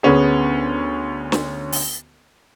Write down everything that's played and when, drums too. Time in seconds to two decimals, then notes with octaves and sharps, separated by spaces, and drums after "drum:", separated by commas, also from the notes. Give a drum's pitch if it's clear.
0.03 D2 B3 C#4 G#4
1.32 drum: snare
1.72 drum: open hi-hat